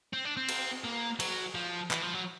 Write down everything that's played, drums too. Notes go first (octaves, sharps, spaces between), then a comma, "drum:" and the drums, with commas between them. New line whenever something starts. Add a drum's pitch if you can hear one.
C4
D4
C4
drum: cymbal
A#3
F#3, drum: cymbal
F3
E3, drum: clap
F3
F#3